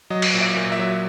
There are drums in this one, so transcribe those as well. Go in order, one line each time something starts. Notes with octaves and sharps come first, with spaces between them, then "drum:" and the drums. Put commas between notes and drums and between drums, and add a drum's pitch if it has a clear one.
F#3 D#5
drum: cymbal
A#2
E5
A#2
E5
F#3